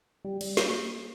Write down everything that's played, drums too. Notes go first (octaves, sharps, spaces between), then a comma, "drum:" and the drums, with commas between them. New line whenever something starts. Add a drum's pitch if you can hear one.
G3
G3, drum: cymbal
A#3, drum: snare